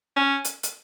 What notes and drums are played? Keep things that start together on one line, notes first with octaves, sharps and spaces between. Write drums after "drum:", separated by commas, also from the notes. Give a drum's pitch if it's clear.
C#4
drum: hi-hat
drum: hi-hat